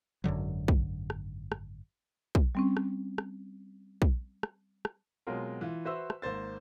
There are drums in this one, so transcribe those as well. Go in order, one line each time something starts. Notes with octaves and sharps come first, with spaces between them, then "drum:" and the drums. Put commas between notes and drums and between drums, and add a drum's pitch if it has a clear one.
G#1 F#2 D3 F#3
drum: kick
drum: rim click
drum: rim click
drum: kick
G3 C4 C#4
drum: rim click
drum: rim click
drum: kick
drum: rim click
drum: rim click
B2 F#3 G#3 C4 F4 A#4
E3 F4
F#4 B4 C5 E5 C6 E6
drum: rim click
G#1 A#3 C5 A6